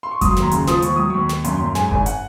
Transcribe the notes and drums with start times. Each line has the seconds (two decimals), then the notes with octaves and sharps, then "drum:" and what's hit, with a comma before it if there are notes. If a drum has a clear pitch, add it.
0.03 C6
0.11 C#6
0.21 F#3 D#6, drum: kick F#1, hi-hat
0.31 C6
0.36 D#2, drum: snare
0.42 A#5
0.51 C#3 C6, drum: hi-hat
0.67 F3 D#6, drum: snare
0.82 D#2 C#6, drum: hi-hat
0.96 F#3 D#6
1.10 D#2 C#6
1.29 D#2, drum: snare
1.44 F#2 C6, drum: hi-hat
1.60 F#2
1.75 G#2 G#5, drum: snare
1.91 G#1 G#5, drum: kick F#1
2.06 F#5, drum: hi-hat